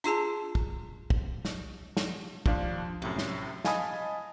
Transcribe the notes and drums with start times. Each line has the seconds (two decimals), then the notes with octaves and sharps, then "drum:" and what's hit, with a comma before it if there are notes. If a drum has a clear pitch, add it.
0.04 D4 F4 G#4 A5, drum: hi-hat
0.55 drum: kick
1.10 drum: kick
1.45 drum: snare
1.97 drum: snare
2.46 D#2 F3 D4 F5, drum: kick
3.02 F#2 A2 C3, drum: cymbal
3.18 drum: snare
3.64 D#5 F5 G#5 A5 B5 D#6, drum: snare